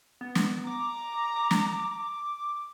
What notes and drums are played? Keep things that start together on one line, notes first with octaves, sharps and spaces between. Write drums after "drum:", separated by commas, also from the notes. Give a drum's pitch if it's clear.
B3
drum: snare
A#5 D6
D6
drum: snare